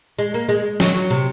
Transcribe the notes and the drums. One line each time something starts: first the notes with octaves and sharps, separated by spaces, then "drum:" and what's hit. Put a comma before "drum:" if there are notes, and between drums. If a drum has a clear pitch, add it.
G#3
A#3
G#3
F#3, drum: snare
C3